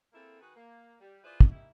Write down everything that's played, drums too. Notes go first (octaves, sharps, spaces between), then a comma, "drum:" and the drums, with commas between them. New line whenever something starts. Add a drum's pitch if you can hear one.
A#3 C4 E4 G#4 A4
D#3 F#4 G#4 B4
A#3
G3
E4 F4 G#4 B4 C5 D5
drum: kick
G3 A#3 D#4 E4